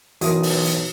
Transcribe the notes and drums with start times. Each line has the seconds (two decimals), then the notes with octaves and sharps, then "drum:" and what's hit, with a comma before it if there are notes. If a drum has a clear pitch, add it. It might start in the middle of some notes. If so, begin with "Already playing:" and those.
0.21 B1 E3 F#4 A#4 E5 D#6, drum: hi-hat
0.43 drum: open hi-hat
0.65 drum: hi-hat